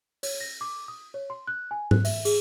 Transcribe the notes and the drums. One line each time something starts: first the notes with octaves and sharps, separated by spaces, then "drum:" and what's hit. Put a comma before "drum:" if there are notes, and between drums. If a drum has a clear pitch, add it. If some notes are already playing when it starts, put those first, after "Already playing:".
C#5, drum: open hi-hat
A#6
D6
D#6
C#5
C6
F#6
G#5
F#6, drum: tom G#2
E5, drum: open hi-hat
G#4, drum: open hi-hat